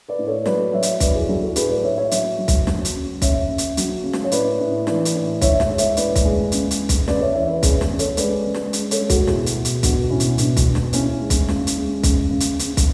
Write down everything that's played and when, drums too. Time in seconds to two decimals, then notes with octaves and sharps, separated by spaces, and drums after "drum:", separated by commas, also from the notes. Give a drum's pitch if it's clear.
0.08 B4 D5
0.19 A2
0.27 A4 C#5
0.46 F#3 B4 D5, drum: snare
0.73 F#3 C#5 E5
0.83 drum: hi-hat
1.00 F#3 B4 D5, drum: kick, hi-hat
1.14 E4 G#4
1.29 F#3 E4 G#4
1.42 F#4 A4
1.56 A2 G#4 B4, drum: hi-hat
1.70 B4 D5
1.83 A2 C#5 E5
1.98 C#5 E5
2.11 F#3, drum: hi-hat
2.38 F#3
2.48 drum: kick, hi-hat
2.67 F#3, drum: snare
2.85 drum: hi-hat
2.94 C#3
3.22 C#3 C#5 E5, drum: kick, hi-hat
3.48 C#3
3.58 drum: hi-hat
3.77 F#3, drum: hi-hat
4.04 C#3
4.13 drum: snare
4.24 C#5
4.32 A2 B4 D5, drum: hi-hat
4.60 A2
4.87 E3 B4 D5, drum: snare
5.05 drum: hi-hat
5.15 A2
5.41 A2 C#5 E5, drum: kick, hi-hat
5.60 C#5 E5, drum: snare
5.69 G#3
5.78 C#5 E5, drum: hi-hat
5.97 A2 B4 D5, drum: hi-hat
6.16 drum: kick, hi-hat
6.25 G#3
6.52 C#3, drum: hi-hat
6.71 drum: hi-hat
6.80 C#3
6.89 drum: kick, hi-hat
7.08 C#3 B4 D5, drum: snare
7.21 C#5 E5
7.34 E3 C#5 E5
7.48 B4 D5
7.63 C#3 G#4 B4, drum: kick, hi-hat
7.81 drum: snare
7.91 C#3
7.99 A4 C#5, drum: hi-hat
8.17 G#3 B4 D5, drum: hi-hat
8.45 C#3
8.54 drum: snare
8.73 G#3, drum: hi-hat
8.91 A4 C#5, drum: hi-hat
9.00 G#3
9.10 F#4 A4, drum: kick, hi-hat
9.27 B2 E4 G#4, drum: snare
9.46 drum: hi-hat
9.56 B2
9.65 drum: hi-hat
9.83 B2 D4 F#4, drum: kick, hi-hat
10.10 B2 C#4 E4
10.20 drum: hi-hat
10.38 B2 D4, drum: hi-hat
10.57 drum: kick, hi-hat
10.66 B2
10.75 drum: snare
10.93 C#3 C#4 E4, drum: hi-hat
11.21 G#3
11.30 drum: kick, hi-hat
11.48 C#3, drum: snare
11.67 drum: hi-hat
11.77 G#3
12.03 C#3, drum: kick, hi-hat
12.31 C#3
12.40 drum: hi-hat
12.59 C#3, drum: hi-hat
12.77 drum: kick, hi-hat